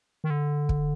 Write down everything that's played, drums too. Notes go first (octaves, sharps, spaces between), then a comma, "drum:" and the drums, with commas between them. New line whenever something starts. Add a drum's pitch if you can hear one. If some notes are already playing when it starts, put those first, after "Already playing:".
D#3
D3
drum: kick